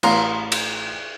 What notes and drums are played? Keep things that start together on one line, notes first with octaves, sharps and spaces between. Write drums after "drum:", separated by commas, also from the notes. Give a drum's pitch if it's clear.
A1 F5 A#5 C6, drum: cymbal
drum: cymbal